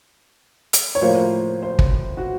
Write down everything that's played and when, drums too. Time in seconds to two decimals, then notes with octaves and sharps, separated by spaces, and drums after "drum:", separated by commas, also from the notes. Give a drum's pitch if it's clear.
0.73 drum: hi-hat
0.95 C#5
1.01 A2 F3 A#3 C5
1.63 C5
1.79 drum: kick
2.17 F#4